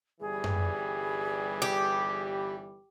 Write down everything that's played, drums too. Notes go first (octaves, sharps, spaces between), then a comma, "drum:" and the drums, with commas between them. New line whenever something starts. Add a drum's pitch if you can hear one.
G1 E3 G3 G#4
drum: tom F#2
G4